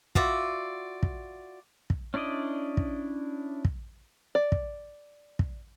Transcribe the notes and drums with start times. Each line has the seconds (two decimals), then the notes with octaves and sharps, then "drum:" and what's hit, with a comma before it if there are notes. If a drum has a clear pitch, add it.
0.15 F4 F#4 D5 E5, drum: kick
1.03 drum: kick
1.90 drum: kick
2.14 C#4 D4 E4 D5 D#5
2.77 drum: kick
3.65 drum: kick
4.35 D5
4.52 drum: kick
5.39 drum: kick